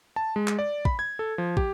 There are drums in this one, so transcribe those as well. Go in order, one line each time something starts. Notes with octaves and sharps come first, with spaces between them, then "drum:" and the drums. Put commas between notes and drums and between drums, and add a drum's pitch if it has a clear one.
A5
G#3
drum: clap
D5
B5, drum: kick
G#6
A4
F3
G4, drum: kick